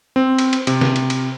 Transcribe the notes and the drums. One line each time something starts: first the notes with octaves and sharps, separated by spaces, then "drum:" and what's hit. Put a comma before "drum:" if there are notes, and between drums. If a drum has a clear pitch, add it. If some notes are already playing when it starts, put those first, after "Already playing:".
C4
drum: cymbal
drum: cymbal
C3, drum: cymbal
drum: snare
drum: cymbal
drum: cymbal